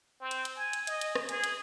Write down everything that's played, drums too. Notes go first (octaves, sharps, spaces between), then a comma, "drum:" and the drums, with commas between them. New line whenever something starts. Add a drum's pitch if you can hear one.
C4
drum: hi-hat
drum: hi-hat
G#5
drum: hi-hat
D#5, drum: hi-hat
drum: hi-hat
drum: rim click
G#4, drum: hi-hat
drum: hi-hat